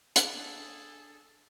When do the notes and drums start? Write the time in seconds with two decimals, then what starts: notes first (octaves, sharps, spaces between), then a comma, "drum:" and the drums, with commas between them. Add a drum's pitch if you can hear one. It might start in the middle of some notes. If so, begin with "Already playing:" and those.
0.16 D4 G#4 A4, drum: hi-hat